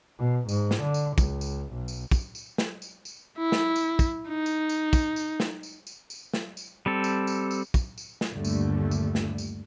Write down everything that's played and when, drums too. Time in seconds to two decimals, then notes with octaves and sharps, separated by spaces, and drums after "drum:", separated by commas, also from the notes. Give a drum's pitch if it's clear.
0.19 B2
0.49 G#2, drum: tambourine
0.71 drum: snare
0.82 D3
0.94 drum: tambourine
1.18 C#2, drum: kick, tambourine
1.41 drum: tambourine
1.73 B1
1.88 drum: tambourine
2.11 drum: kick, tambourine
2.35 drum: tambourine
2.58 drum: snare
2.82 drum: tambourine
3.05 drum: tambourine
3.38 E4
3.52 drum: snare
3.76 drum: tambourine
3.99 drum: kick, tambourine
4.29 D#4
4.46 drum: tambourine
4.69 drum: tambourine
4.93 drum: kick, tambourine
5.16 drum: tambourine
5.40 drum: snare
5.63 drum: tambourine
5.87 drum: tambourine
6.10 drum: tambourine
6.34 drum: snare
6.57 drum: tambourine
6.86 G3 C4 A4
7.04 drum: tambourine
7.27 drum: tambourine
7.51 drum: tambourine
7.74 drum: kick, tambourine
7.98 drum: tambourine
8.21 drum: snare
8.33 G1 D#2 D3 G3 A3
8.45 drum: tambourine
8.91 drum: tambourine
9.15 drum: snare
9.38 drum: tambourine